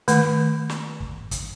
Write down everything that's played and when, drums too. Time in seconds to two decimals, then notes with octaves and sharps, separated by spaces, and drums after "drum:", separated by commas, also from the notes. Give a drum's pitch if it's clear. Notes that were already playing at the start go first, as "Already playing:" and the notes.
0.08 D#3 A3, drum: hi-hat
0.70 drum: snare
1.00 drum: kick
1.31 drum: kick, hi-hat